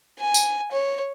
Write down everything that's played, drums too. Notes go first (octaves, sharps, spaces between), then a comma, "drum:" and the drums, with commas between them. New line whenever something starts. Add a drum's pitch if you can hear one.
G#5
drum: tambourine
C#5